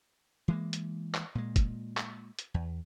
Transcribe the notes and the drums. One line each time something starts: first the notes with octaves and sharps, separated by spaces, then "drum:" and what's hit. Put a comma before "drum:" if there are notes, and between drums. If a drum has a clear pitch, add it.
E3 G#3 A#3
drum: hi-hat
drum: clap
A#2 G#3
drum: kick F1, hi-hat
drum: clap
drum: hi-hat
E2